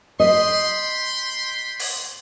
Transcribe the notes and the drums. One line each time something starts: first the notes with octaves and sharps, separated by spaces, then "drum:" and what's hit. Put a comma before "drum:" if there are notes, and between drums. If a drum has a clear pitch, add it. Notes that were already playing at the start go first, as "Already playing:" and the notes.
D#5 G5 B5 C6
drum: open hi-hat